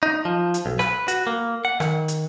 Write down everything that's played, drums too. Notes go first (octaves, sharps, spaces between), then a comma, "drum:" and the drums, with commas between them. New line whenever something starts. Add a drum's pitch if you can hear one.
D#4
F3
drum: hi-hat
B1
B4, drum: rim click
F#4, drum: hi-hat
A#3
F#5
D#3, drum: rim click
drum: hi-hat